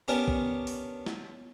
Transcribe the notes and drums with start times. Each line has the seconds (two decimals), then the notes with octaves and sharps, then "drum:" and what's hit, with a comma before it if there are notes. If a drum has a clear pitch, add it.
0.08 B3 C#4 D4 G4 A#4
0.28 drum: kick
0.67 drum: open hi-hat
1.06 drum: snare